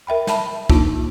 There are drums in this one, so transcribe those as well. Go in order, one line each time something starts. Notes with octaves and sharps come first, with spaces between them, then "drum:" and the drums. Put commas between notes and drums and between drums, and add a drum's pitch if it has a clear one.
A#4 E5 G5 B5
A#4 E5 A5 B5, drum: snare
A#3 D4 D#4 F4 A5, drum: kick